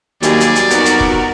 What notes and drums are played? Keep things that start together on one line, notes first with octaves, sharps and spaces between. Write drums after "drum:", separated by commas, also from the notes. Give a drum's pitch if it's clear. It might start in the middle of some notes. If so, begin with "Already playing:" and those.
D#2 F#3 G3 G4 G#4 D5, drum: hi-hat
drum: hi-hat
drum: hi-hat
F2 B3 D#4 F#4 A#4, drum: hi-hat
drum: hi-hat
drum: kick